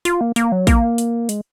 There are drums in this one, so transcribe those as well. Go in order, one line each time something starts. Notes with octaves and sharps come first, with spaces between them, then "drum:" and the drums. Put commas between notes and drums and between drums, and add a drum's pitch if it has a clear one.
F4, drum: hi-hat
A#3
A#3, drum: hi-hat
F#3
A#3, drum: kick, hi-hat
drum: hi-hat
G#3, drum: hi-hat